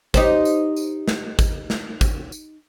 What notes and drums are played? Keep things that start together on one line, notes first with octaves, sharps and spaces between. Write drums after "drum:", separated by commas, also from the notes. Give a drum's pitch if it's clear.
D#4 G4 C5, drum: kick G#1, tambourine
drum: tambourine
drum: tambourine
drum: snare
drum: kick G#1, tambourine
drum: snare
drum: kick G#1, tambourine
drum: tambourine